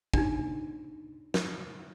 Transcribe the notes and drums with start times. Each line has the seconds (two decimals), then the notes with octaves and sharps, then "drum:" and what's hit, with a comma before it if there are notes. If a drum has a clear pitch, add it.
0.14 D4 D#4, drum: kick
1.34 drum: snare